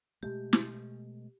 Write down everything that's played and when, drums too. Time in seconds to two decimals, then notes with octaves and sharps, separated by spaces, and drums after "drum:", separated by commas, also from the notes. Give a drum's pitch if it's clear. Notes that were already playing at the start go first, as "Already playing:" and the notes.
0.23 B2 G#3 A3 G4
0.53 drum: snare